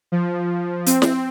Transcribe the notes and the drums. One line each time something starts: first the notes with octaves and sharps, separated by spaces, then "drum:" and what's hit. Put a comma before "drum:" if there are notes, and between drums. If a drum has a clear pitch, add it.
F3
C4, drum: hi-hat
drum: snare